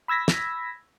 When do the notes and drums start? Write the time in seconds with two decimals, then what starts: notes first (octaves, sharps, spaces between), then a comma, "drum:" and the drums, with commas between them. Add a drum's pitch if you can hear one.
0.08 B5 E6 G#6 A#6 B6
0.28 drum: snare